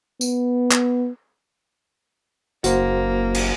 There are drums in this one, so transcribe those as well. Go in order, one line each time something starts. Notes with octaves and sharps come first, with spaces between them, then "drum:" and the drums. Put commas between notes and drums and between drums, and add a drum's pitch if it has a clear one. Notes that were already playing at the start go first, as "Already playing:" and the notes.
B3, drum: tambourine
drum: clap
F#1 A#3 F#4 C5, drum: hi-hat
drum: cymbal